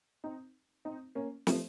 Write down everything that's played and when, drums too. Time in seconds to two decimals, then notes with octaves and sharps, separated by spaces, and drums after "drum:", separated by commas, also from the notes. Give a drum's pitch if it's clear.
0.24 C4 D#4
0.85 C4 D#4
1.15 A#3 C#4
1.47 F3 A3, drum: snare